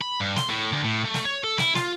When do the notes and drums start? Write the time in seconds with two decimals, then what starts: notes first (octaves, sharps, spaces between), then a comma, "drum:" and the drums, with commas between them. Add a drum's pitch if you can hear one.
0.01 B5
0.20 G2
0.36 C6, drum: snare
0.49 A2
0.72 D2
0.84 A2
1.04 A3
1.14 drum: snare
1.25 C#5
1.44 A4
1.58 E4, drum: snare
1.75 F4, drum: snare